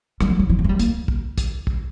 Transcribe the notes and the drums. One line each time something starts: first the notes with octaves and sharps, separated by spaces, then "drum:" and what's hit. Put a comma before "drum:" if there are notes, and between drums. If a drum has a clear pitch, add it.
G3, drum: rim click
F#3
F#3
F3
F#3
G#3
G3
A#3, drum: hi-hat
drum: kick
drum: kick, hi-hat
drum: kick